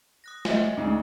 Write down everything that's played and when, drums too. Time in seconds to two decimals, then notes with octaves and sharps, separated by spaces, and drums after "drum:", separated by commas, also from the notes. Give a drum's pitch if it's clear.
0.24 D#6 F#6 A#6
0.45 D#5 E5 G#5, drum: snare
0.77 D2 G#2